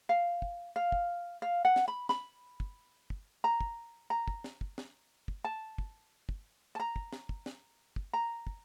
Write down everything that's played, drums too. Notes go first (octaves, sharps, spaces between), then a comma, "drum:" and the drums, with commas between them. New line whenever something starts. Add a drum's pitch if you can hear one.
F5
drum: kick
F5
drum: kick
F5
F#5
drum: snare
B5
B5, drum: snare
drum: kick
drum: kick
A#5
drum: kick
A#5
drum: kick
drum: snare
drum: kick
drum: snare
drum: kick
A5
drum: kick
drum: kick
A5
A#5
drum: kick
drum: snare
drum: kick
drum: snare
drum: kick
A#5
drum: kick